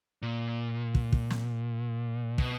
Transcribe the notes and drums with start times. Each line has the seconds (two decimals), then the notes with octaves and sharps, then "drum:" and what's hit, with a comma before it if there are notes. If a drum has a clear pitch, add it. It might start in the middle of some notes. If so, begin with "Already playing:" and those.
0.22 A#2
0.95 drum: kick
1.13 drum: kick
1.30 drum: snare
2.38 B2, drum: kick